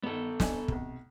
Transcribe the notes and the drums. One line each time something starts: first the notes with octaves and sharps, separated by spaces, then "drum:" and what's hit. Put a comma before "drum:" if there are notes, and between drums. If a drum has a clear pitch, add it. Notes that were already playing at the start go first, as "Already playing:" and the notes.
G1 D#3 B3 A4
D4 D#5 G#5, drum: snare
B1 C3, drum: kick